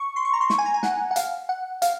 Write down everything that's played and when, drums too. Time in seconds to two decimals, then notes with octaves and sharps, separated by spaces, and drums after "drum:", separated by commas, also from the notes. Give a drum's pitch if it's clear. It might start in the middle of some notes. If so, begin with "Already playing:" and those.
Already playing: C#6
0.16 C6
0.25 C#6
0.33 A#5
0.41 C6
0.50 C#6, drum: snare
0.58 G#5
0.66 A#5
0.74 G#5
0.83 F#5, drum: snare
1.11 F#5
1.16 F5, drum: hi-hat
1.49 F#5
1.82 F5, drum: hi-hat